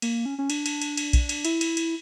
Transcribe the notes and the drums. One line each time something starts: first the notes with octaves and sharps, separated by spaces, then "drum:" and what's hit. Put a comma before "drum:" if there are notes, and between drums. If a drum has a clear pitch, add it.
A#3, drum: cymbal
C#4
C#4
D4, drum: cymbal
drum: cymbal
drum: cymbal
drum: cymbal
drum: kick, cymbal
drum: cymbal
E4, drum: cymbal
drum: cymbal
drum: cymbal